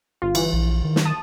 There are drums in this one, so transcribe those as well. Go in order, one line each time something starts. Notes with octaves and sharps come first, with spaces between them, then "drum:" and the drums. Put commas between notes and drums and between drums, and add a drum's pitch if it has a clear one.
G1 F4
E3, drum: cymbal
A#1
D#3
drum: snare
A5 D#6